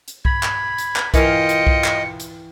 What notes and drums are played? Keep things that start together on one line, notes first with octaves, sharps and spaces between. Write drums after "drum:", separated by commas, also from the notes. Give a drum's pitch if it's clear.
drum: hi-hat
B5 G#6, drum: kick B1
drum: clap
drum: hi-hat
drum: clap
E3 F4 A#4 D#5 F5 G5 C#7, drum: kick B1, hi-hat
drum: hi-hat
drum: kick B1
drum: clap
drum: hi-hat